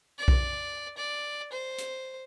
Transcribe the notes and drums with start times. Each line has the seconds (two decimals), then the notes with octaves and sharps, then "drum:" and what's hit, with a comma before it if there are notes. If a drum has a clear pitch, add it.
0.19 D5
0.28 drum: kick B1
0.97 D5
1.52 C5
1.78 drum: hi-hat